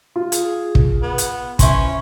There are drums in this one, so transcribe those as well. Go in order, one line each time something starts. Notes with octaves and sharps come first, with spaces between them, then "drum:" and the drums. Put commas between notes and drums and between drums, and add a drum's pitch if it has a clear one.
F4
G#4, drum: hi-hat
drum: kick
B3
drum: hi-hat
C#4 E4 B4 C5, drum: kick, hi-hat